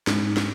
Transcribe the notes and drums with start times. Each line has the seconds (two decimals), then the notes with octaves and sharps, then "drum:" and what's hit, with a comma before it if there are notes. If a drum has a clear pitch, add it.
0.07 G#2, drum: snare
0.37 drum: snare